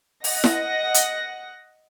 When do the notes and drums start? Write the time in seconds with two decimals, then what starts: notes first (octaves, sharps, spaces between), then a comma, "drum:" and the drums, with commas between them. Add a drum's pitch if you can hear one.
0.24 D#5 F#5 A#6, drum: open hi-hat
0.44 drum: snare E4
0.94 drum: hi-hat